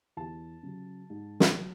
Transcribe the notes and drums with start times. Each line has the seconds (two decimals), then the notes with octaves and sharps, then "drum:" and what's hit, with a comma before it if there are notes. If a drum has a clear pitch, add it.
0.17 E2 A5
0.63 C#3 F#3
1.10 G#2
1.40 drum: snare
1.56 F#3